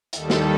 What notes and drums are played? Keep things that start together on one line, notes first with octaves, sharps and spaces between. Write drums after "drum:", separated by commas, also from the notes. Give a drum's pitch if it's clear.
D#2 D#3 G3 A4, drum: hi-hat
drum: snare